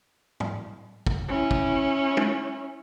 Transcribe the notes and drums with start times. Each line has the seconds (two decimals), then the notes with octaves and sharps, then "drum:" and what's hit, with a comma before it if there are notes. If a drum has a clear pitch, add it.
0.40 drum: tom G#2
1.07 drum: kick
1.29 C#4 E4
1.51 drum: kick
2.17 drum: tom